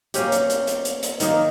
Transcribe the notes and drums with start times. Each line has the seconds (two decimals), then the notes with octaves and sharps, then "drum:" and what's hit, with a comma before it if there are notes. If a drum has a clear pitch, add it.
0.14 A#3 C#4 G4, drum: hi-hat
0.32 drum: hi-hat
0.50 drum: hi-hat
0.67 drum: hi-hat
0.85 drum: hi-hat
1.03 drum: hi-hat
1.20 D#3 A#3 D#4 A#4, drum: hi-hat